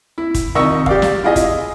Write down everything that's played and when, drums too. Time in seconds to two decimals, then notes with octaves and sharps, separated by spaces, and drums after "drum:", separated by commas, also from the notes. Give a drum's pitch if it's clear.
0.18 E4
0.35 drum: kick, hi-hat
0.55 C2 F2 D#3 D#5 C#6 E6
0.86 G4 D5 F5, drum: kick
1.02 drum: snare
1.24 E4 F4 G#4 D#5
1.36 drum: kick, hi-hat